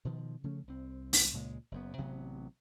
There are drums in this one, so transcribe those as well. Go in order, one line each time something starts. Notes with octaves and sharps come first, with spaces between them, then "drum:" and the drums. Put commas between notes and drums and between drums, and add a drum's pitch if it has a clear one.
B2 D#3 F3
C#3 F3 A3 C#4
C2 C4
drum: open hi-hat
C#2 A#2 G#3
F#1 F#2 B3
A1 C3 F#3 B3